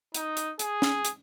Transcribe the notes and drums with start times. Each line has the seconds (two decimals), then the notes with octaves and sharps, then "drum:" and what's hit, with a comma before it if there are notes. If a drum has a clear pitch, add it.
0.14 D#4, drum: hi-hat
0.37 drum: hi-hat
0.59 G#4, drum: hi-hat
0.82 drum: snare
1.05 drum: hi-hat